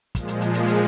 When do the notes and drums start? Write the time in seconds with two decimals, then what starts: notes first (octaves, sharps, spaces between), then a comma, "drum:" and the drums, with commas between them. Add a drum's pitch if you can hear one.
0.15 A#2 F3 G#3, drum: kick, hi-hat
0.28 drum: hi-hat
0.41 drum: hi-hat
0.54 drum: hi-hat
0.67 drum: hi-hat